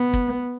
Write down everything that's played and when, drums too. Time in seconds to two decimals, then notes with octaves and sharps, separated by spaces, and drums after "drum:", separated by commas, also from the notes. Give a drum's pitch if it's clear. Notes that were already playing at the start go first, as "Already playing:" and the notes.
Already playing: B3
0.13 drum: kick